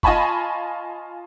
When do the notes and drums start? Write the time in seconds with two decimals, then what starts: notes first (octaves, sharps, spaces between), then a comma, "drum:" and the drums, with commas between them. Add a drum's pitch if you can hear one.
0.03 F4 D#5 G#5 A5 B5 C#6, drum: kick F#1